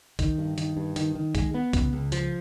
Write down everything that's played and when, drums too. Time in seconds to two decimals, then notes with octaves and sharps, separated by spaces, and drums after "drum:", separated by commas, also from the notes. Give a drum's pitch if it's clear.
0.19 D#3, drum: kick B1, hi-hat
0.38 G2
0.58 D#3, drum: hi-hat
0.77 G2
0.96 D#3, drum: hi-hat
1.15 D#3
1.35 G#3, drum: kick B1, hi-hat
1.54 B3
1.73 C#2, drum: kick B1, hi-hat
1.93 C#2
2.12 F3, drum: hi-hat